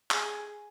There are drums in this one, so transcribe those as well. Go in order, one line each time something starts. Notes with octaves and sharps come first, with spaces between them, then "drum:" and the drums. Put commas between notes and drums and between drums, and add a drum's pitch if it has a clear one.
G#4, drum: clap